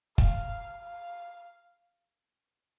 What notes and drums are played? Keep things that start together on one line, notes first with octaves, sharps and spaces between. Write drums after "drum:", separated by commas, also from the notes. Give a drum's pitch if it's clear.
F5, drum: kick
F5